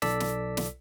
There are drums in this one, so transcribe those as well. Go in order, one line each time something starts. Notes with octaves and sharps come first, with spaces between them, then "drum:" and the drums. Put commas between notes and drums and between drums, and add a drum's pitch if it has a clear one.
B1 A4 D5 E6 B6, drum: snare
drum: snare
drum: snare